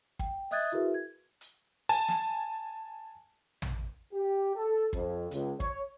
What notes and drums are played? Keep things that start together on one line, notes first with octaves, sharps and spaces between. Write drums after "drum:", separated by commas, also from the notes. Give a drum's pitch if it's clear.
G5, drum: kick
D#5 E5 D#6 F#6 G#6 A6, drum: open hi-hat
E4 F#4 G#4 A#4 B4 E5
G#6
drum: hi-hat
G#5 A5, drum: hi-hat
drum: snare
drum: tom
G4
A4
F2, drum: kick
C#2, drum: hi-hat
C#5, drum: kick